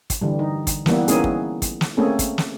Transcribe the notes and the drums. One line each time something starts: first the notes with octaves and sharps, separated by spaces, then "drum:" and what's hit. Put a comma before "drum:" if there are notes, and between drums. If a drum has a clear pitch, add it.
drum: kick, hi-hat
D3 E3 G3
D#4
drum: kick, hi-hat
E3 G3 A#3 B3 E4, drum: snare
A#3 B3 C#4 D#4 E4 G#4, drum: hi-hat
drum: kick
drum: kick, hi-hat
drum: snare
A3 A#3 C4 C#4 G#4 A4
drum: kick, hi-hat
drum: snare